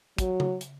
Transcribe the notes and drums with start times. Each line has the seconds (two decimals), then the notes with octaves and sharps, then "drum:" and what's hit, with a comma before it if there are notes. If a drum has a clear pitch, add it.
0.18 F#3, drum: kick, hi-hat
0.40 drum: tom C#3
0.61 drum: hi-hat